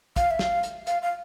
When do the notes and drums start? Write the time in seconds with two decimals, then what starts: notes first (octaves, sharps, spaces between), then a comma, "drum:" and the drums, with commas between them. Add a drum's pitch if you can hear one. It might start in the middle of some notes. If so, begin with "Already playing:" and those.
0.16 F5, drum: kick, hi-hat
0.31 E5
0.39 F5, drum: snare
0.63 drum: hi-hat
0.87 F5, drum: hi-hat
1.02 F5